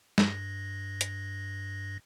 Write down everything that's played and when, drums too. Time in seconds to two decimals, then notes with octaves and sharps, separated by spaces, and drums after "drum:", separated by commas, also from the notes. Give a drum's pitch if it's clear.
0.18 G2 A#6, drum: snare
1.01 drum: hi-hat